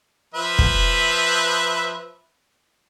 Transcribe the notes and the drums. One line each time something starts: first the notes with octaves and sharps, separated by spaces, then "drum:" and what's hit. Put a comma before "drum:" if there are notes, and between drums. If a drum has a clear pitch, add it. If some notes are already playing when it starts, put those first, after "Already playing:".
F3 B4 E5
drum: kick